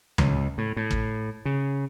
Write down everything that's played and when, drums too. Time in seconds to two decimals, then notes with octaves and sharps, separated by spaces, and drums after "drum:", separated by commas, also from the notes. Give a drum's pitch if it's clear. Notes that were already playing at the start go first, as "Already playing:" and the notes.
0.18 C#2, drum: tom
0.58 A2
0.77 A2
0.91 drum: kick
1.45 C#3